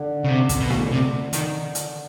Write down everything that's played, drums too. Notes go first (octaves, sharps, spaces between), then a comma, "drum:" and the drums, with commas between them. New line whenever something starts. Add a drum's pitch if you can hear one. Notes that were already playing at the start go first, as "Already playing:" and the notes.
Already playing: D3
C#3
C3
drum: kick, hi-hat
B2
drum: snare
C3
D#3, drum: hi-hat
drum: hi-hat